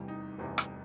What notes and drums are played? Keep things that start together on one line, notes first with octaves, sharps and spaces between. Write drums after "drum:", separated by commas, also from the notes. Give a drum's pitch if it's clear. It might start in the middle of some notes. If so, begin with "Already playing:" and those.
Already playing: F1 E2 C3 E3 G3
D#4
F1 E2 C3 E3 G3
drum: rim click